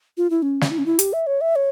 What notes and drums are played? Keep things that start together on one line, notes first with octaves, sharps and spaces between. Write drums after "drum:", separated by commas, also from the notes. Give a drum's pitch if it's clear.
F4
E4
C#4
drum: snare
E4
C#4
E4
G4, drum: hi-hat
E5
C#5
E5
C#5